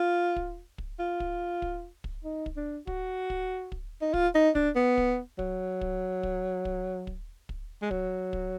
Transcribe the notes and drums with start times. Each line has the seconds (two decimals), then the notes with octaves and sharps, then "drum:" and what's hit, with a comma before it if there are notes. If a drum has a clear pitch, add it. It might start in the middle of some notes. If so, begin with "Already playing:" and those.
Already playing: F4
0.36 drum: kick
0.78 drum: kick
1.00 F4
1.20 drum: kick
1.62 drum: kick
2.04 drum: kick
2.24 D#4
2.46 drum: kick
2.56 D4
2.87 F#4, drum: kick
3.30 drum: kick
3.72 drum: kick
4.02 D#4
4.14 F4, drum: kick
4.35 D#4
4.55 D4, drum: kick
4.76 B3
4.98 drum: kick
5.39 F#3, drum: kick
5.81 drum: kick
6.23 drum: kick
6.65 drum: kick
7.07 drum: kick
7.49 drum: kick
7.82 G#3
7.91 F#3, drum: kick
8.33 drum: kick